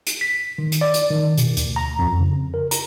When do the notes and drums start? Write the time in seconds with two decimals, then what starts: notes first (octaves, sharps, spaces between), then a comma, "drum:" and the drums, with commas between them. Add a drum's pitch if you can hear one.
0.07 drum: hi-hat
0.21 B6
0.58 D#3
0.72 drum: hi-hat
0.81 D5
0.94 drum: hi-hat
1.10 D#3
1.38 B2, drum: hi-hat
1.57 D2, drum: hi-hat
1.76 A#5
1.99 F2
2.20 C#3
2.54 A#4
2.71 A#5, drum: hi-hat